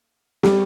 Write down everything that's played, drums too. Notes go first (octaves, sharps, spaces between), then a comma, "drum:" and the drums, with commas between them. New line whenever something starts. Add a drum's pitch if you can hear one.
G3, drum: snare